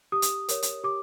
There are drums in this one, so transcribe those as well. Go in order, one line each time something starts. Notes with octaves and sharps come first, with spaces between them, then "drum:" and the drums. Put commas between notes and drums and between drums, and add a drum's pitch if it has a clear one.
G4 D#6
drum: hi-hat
A#4 C#5, drum: hi-hat
drum: hi-hat
G4 D6